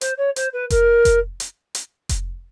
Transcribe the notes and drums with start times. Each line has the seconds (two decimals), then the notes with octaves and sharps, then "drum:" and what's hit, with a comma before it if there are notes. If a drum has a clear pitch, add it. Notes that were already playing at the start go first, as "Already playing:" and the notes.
0.01 C5, drum: hi-hat
0.18 C#5
0.36 C5, drum: hi-hat
0.53 B4
0.70 A#4, drum: kick F1, hi-hat
1.05 drum: kick F1, hi-hat
1.40 drum: hi-hat
1.75 drum: hi-hat
2.09 drum: kick F1, hi-hat